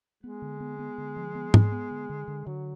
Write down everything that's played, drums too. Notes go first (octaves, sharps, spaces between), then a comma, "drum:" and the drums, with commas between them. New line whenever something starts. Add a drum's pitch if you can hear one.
G#3 B3
D3
B3
B3
D3
F3
B3
B3, drum: tom
B3
D3
D3
D3
D3 F#3